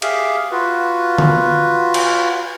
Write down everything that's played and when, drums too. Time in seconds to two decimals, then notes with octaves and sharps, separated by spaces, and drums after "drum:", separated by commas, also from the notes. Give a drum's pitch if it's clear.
0.02 G4 G#4 E5 F5, drum: cymbal
0.51 F4 F#4 B4
1.18 drum: tom D3
1.94 drum: cymbal